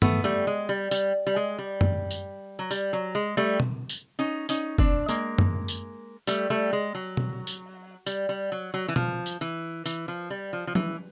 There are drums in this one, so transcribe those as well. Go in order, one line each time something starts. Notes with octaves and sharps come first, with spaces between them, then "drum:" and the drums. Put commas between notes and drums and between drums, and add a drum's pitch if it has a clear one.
A3 B3, drum: tom
G3 A3
G#3
G3
G3, drum: tambourine
G3
G#3
G3
drum: tom F#2
drum: tambourine
F#3
G3, drum: tambourine
F#3
G#3
G3 A3
drum: tom
drum: tambourine
C#4 D#4
C#4 D#4, drum: tambourine
C4 D4, drum: kick F#1
G#3 A#3, drum: tambourine
drum: tom F#2
drum: tambourine
G3 A3, drum: tambourine
G3 A3
G#3
F#3
drum: tom
drum: tambourine
G3, drum: tambourine
G3
F#3
F#3
E3
F3, drum: tom
drum: tambourine
E3
E3, drum: tambourine
F3
G3
F3
F3
E3, drum: tom